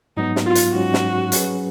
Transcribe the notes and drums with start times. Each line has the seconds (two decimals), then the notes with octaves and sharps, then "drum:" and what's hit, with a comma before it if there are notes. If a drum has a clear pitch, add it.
0.17 G#2 F#3 B3 D#4
0.36 drum: snare
0.46 F4
0.55 drum: hi-hat
0.74 G#2 F#3 C#4 F#4
0.94 drum: snare
1.32 F#3 C#4 G#4 B4, drum: hi-hat